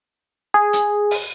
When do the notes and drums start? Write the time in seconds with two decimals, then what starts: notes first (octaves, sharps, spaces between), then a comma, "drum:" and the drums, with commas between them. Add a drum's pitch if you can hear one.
0.54 G#4
0.73 drum: hi-hat
1.11 drum: open hi-hat